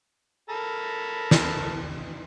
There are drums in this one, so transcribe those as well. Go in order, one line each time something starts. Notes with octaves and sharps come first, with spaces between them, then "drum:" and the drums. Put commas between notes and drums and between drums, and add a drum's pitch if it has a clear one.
A4 A#4 B5
drum: snare